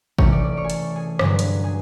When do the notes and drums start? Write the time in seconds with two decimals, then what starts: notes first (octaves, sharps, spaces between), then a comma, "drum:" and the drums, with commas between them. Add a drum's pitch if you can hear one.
0.19 C3 E3 A3 C#4 C#5, drum: kick
0.32 D5
0.44 D5
0.57 C#5
0.64 G#4
0.70 A4, drum: hi-hat
0.96 G#4
1.19 G2 D3 F#3 B3 G#4, drum: rim click
1.39 drum: hi-hat
1.64 G#4